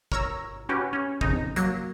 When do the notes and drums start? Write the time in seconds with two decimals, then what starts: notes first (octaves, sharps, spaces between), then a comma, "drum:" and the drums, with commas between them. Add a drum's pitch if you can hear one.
0.12 A#4 C#5 A#5 E6, drum: kick
0.69 C#4 F#4 G4 B4
0.93 C#4
1.21 A#1 F2 C#3 D#4, drum: kick
1.56 F#3 A#3, drum: hi-hat